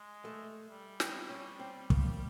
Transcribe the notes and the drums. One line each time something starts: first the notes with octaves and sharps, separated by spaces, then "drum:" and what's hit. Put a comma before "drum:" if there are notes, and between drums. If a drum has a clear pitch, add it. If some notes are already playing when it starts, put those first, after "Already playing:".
Already playing: G#3
A3
G3
C4, drum: snare
C#4
C4
A#3, drum: kick